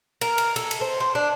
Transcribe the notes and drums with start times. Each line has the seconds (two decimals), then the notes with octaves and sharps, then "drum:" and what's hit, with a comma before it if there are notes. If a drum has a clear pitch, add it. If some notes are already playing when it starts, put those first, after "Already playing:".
0.21 A#4, drum: cymbal
0.38 drum: cymbal
0.56 A4, drum: cymbal
0.71 drum: cymbal
0.81 C5
1.00 C5
1.15 D4